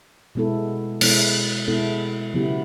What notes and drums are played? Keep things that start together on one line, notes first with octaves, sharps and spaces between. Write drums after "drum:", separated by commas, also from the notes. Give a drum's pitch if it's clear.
B2 G#3 B3 E4 A4
B2 G#3 B3 E4 A4, drum: cymbal
B2 G#3 B3 E4 A4
C#3 F#3 B3 E4 G4